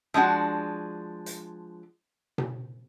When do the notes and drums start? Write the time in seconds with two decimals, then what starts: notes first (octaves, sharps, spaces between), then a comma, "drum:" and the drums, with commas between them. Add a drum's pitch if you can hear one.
0.14 F3 G#3 D4 F#4
1.26 drum: hi-hat
2.38 drum: tom B2